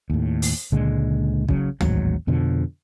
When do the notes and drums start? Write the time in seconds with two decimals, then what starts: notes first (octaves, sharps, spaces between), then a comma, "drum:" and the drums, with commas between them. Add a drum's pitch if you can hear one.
0.10 D#2 A2
0.42 drum: open hi-hat
0.72 C#2 A#2 D3 G#3
1.49 C#3 F#3, drum: kick B1
1.81 A1 D#2 G#2 F#3, drum: tom
2.27 F2 B2 D3 F3